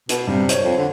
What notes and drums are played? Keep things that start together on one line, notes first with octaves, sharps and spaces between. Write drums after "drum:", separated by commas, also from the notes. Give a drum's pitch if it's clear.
B2, drum: hi-hat
G2 C3
C5 C#5, drum: hi-hat
F2
D3